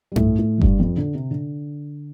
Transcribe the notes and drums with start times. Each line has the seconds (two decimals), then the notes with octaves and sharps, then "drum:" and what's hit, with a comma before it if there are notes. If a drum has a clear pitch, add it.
0.12 G3
0.16 A2 A3, drum: tom G2
0.39 A2 A3
0.58 F3
0.61 G2 G3, drum: kick F#1
0.80 F2 F3
0.97 D3
1.15 C3
1.31 D3